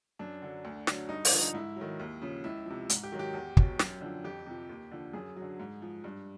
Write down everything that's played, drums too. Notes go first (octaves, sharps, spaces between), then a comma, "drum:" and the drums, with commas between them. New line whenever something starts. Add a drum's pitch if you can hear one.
F#2 D4
D3 F#3
D2
D3 F#3, drum: snare
G2 D#4
D#4, drum: open hi-hat
D3 F3
D#4
G#2 E4
F#3
D#3
D#2
C#3 F3
C#2 E4
C3 F3
G#2, drum: hi-hat
G4
D#3 F#3
G4
E2
B2 F#3, drum: kick
F#2, drum: snare
D3 F3
F2 G4
C3 F3
D#2
D3 F3
F#2 G#4
F#3
D3
G#2
F3
G2